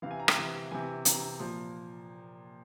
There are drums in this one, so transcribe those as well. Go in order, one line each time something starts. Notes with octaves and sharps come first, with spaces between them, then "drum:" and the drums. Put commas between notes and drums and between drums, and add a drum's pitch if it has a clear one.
C3 E3 F5
G#5
A#5
G5, drum: rim click
C3 E3
C3 E3 G#5
C3 E3 A#5, drum: hi-hat
A#2 F3